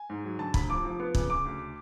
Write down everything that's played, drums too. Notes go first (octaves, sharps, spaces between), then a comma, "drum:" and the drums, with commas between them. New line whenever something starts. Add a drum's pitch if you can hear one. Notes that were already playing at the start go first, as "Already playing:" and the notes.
Already playing: G#5
G#2
F#3
D3 A5
F1 B5, drum: kick
F3 D6
F3
B3
C#3, drum: kick
C#3 D6
D2